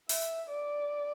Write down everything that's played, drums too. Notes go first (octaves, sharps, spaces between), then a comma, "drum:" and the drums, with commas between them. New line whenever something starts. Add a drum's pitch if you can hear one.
E5, drum: open hi-hat
D5